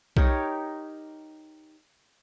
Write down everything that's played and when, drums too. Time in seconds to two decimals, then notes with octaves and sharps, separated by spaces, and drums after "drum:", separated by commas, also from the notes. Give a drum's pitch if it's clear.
0.17 D#4 G4 A#4 C#5, drum: kick B1